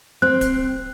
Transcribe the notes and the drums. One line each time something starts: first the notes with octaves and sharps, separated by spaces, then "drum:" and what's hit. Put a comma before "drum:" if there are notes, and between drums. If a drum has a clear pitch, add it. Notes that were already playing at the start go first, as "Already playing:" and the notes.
C4 F#6
drum: kick D1, hi-hat